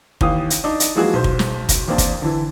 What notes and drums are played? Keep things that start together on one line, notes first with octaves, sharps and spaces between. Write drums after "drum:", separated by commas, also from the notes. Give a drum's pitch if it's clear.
D#2 E3 F5 D#6, drum: kick
drum: hi-hat
D4 D#4
drum: hi-hat
E3 F3 G#3 A#3 F#4 G#4
B1 C5
drum: kick
drum: snare
drum: kick, hi-hat
E2 A#3 C4 D4
drum: kick, hi-hat
D3 E3 E4